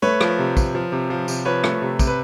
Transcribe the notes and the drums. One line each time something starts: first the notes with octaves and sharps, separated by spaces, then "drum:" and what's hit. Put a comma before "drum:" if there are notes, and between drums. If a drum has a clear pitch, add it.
A3 B4 C#5
F3, drum: rim click
C3
F3, drum: kick, tambourine
F3
C3
F3
C3, drum: tambourine
F3 B4 C#5
A3, drum: rim click
C3
C3, drum: kick, tambourine
B4